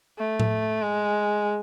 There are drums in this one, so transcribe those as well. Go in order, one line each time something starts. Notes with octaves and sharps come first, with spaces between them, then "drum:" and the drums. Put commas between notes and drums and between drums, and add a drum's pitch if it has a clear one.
A3
drum: tom A2
G#3